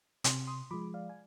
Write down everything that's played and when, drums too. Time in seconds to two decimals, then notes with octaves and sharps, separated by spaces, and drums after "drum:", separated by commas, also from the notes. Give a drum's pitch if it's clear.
0.24 C3 C6 D#6, drum: hi-hat
0.47 C6 D#6
0.71 F3 G#3 B5 D6
0.94 D5 F5
1.09 G#5